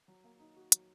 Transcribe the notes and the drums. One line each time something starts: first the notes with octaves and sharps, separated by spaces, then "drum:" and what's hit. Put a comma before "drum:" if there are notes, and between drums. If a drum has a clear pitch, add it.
F#3
A#3
D#4
F#4
F#3, drum: hi-hat